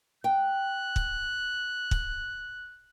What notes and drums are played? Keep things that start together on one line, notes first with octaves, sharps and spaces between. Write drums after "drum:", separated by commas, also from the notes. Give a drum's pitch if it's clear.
G5 F#6
drum: kick
drum: kick